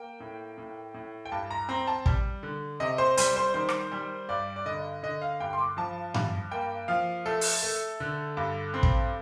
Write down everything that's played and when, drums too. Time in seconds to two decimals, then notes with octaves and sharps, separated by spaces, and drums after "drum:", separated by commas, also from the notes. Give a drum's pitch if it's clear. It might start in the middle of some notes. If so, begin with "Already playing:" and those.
Already playing: A#3 G5
0.20 A2
0.58 A2
0.94 A2
1.25 G5
1.32 G2 A5
1.51 A#5
1.69 C4 A#5
1.87 A5
2.06 G3, drum: kick
2.43 D3
2.80 C3 D#5
2.98 C5
3.17 G3 C5, drum: hi-hat
3.36 C5
3.54 D#3 C5
3.69 drum: rim click
3.92 G3
4.29 G2 D5
4.56 D5
4.66 D3 D#5
5.03 D3 D#5
5.22 F5
5.40 G2 G5
5.53 C6
5.59 D6
5.77 F3 A5
6.14 G2, drum: tom G2
6.52 A#3 G5
6.88 F3 F5
7.26 A3 A4
7.41 drum: open hi-hat
7.62 A3
8.00 D3
8.37 G2
8.74 C4
8.83 drum: kick